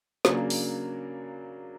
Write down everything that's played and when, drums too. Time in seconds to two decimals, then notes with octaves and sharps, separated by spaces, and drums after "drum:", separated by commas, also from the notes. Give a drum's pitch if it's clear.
0.25 C#3 F#3 A#3 D4, drum: snare
0.50 drum: open hi-hat